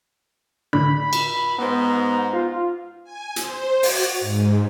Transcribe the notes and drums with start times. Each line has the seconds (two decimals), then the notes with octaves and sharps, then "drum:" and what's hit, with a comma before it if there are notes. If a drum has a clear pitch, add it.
0.73 A2 D3 B5
1.13 drum: cymbal
1.58 G#2 B3 C5 A#5
2.33 F4
3.04 G#5
3.36 C5, drum: hi-hat
3.83 F#4, drum: open hi-hat
4.20 G#2